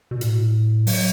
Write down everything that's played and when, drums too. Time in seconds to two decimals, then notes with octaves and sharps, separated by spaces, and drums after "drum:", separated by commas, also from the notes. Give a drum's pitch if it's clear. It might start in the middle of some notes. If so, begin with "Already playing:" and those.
0.11 B2
0.21 A2, drum: hi-hat
0.87 F#3, drum: open hi-hat